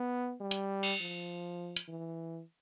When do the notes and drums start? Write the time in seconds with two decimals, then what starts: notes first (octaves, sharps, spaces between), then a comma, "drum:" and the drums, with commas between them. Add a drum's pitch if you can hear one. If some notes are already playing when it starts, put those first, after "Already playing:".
Already playing: B3
0.41 G3
0.51 drum: hi-hat
0.83 drum: cymbal
1.01 F3
1.77 drum: hi-hat
1.88 E3